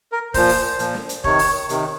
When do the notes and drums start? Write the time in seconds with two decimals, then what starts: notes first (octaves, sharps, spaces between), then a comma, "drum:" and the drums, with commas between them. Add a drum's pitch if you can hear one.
0.12 A#4
0.34 A#2 F3 C5, drum: kick F1, open hi-hat
0.49 drum: open hi-hat
0.79 A#2 F3, drum: hi-hat
0.94 drum: snare
1.09 drum: hi-hat
1.24 C3 D#3 C#5, drum: kick F1
1.39 drum: open hi-hat
1.69 C3 D#3, drum: hi-hat